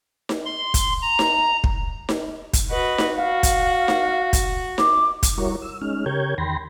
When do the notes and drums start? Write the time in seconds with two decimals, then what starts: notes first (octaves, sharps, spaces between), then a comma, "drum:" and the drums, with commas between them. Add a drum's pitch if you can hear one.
0.29 drum: snare D#4
0.45 C6
0.74 drum: kick, hi-hat
1.02 A#5
1.19 drum: snare D#4
1.64 drum: kick
2.09 drum: snare D#4
2.53 drum: kick, hi-hat
2.70 F#4 B4 D#5
2.98 drum: snare D#4
3.16 F#4 F5
3.43 drum: kick, hi-hat
3.88 drum: snare D#4
4.33 drum: kick, hi-hat
4.78 D6, drum: snare D#4
5.23 drum: kick, hi-hat
5.38 G3 E4 F#4 A#4 C#5
5.62 E6
5.82 G#3 C#4 D#4 F6
6.06 C#3 G4 A#4 C#5 G6 G#6
6.38 E2 D#3 G5 B5 C6 A#6